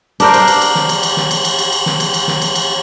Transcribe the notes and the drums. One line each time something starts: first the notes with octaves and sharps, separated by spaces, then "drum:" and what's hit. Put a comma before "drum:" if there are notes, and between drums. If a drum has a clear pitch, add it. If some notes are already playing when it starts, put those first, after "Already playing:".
D4 A#4 C5, drum: cymbal
drum: cymbal
drum: cymbal
drum: cymbal
drum: snare
drum: cymbal
drum: cymbal
drum: snare
drum: cymbal
drum: cymbal
drum: cymbal
drum: cymbal
drum: snare
drum: cymbal
drum: cymbal
drum: snare
drum: cymbal
drum: cymbal